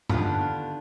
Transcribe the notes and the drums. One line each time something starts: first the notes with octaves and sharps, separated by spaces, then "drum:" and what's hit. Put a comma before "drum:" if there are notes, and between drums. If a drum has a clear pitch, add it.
D3 D#3 B3 D4 F4 G4, drum: tom G2